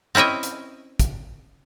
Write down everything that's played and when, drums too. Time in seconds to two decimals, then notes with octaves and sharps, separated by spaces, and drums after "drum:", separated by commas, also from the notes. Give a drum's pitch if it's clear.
0.15 C4 C#4 E4 D#5 E5
0.43 drum: hi-hat
0.99 drum: kick, hi-hat